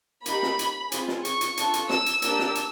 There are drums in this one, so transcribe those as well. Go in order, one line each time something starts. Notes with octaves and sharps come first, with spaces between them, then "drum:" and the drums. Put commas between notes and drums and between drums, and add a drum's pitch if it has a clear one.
A#3 D#4 G4 B5, drum: hi-hat
drum: snare
drum: hi-hat
C4 F4 G#4, drum: hi-hat
drum: snare
C#6, drum: hi-hat
drum: hi-hat
D4 F4 A4, drum: hi-hat
drum: hi-hat
E6, drum: snare
drum: hi-hat
A#3 D4 G4, drum: hi-hat
drum: snare
drum: hi-hat